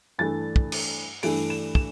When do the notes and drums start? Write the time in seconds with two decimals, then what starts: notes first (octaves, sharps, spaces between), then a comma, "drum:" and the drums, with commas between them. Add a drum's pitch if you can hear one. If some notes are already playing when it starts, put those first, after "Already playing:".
0.19 G2 E3 A3 A6
0.56 drum: kick
0.72 drum: cymbal
1.23 G2 E3 A3 D7, drum: open hi-hat
1.50 E7
1.75 E7, drum: kick